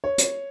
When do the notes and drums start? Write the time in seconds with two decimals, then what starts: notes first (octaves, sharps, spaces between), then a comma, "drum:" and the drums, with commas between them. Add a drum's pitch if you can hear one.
0.04 C#5
0.18 drum: hi-hat